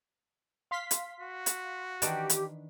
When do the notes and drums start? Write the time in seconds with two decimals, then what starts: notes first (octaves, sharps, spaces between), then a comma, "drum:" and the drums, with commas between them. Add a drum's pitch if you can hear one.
0.71 F5 C6 B6
0.91 drum: hi-hat
1.20 F#4
1.46 drum: hi-hat
2.02 D#3 E3 D4 G4, drum: hi-hat
2.30 drum: hi-hat